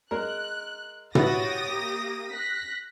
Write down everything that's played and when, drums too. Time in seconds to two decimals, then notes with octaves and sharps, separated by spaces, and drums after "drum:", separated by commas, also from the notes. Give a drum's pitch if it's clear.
0.11 G#3 A#4 F#6
1.15 E4 F#4 G4 B4 C#5 D#6 A6 A#6, drum: tom
1.69 A#3
2.28 F#6 A#6 B6